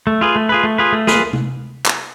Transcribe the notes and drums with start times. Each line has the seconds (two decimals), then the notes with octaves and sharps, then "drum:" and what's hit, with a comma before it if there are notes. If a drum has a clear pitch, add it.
0.07 A3
0.21 F4 G#4 B4
0.36 A3
0.49 F4 G#4 B4
0.64 A3
0.78 F4 G#4 B4
0.93 A3
1.07 F4 G#4 B4, drum: snare
1.33 drum: tom C3
1.86 drum: clap